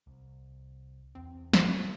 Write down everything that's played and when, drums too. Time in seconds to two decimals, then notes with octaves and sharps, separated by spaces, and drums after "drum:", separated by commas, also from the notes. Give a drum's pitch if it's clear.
0.07 C2
1.15 E2 C4
1.53 drum: snare